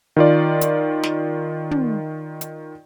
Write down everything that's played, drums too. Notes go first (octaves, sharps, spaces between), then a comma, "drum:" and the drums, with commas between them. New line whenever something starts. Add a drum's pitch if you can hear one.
D#3 F4 D5
drum: hi-hat
drum: snare
drum: tom
drum: hi-hat